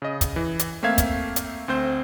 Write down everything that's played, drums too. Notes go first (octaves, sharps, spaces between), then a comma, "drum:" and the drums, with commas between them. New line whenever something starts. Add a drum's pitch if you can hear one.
C#3 D#5
drum: kick, hi-hat
E3
drum: hi-hat
A3 A#3 C4 E5 F5 G#6
drum: kick, hi-hat
drum: hi-hat
D2 C4 C5 G6